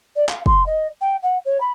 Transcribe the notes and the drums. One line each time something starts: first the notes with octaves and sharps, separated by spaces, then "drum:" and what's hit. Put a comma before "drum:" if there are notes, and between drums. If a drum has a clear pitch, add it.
D5
F5, drum: clap
C6, drum: kick
D#5
G5
F#5
C#5
B5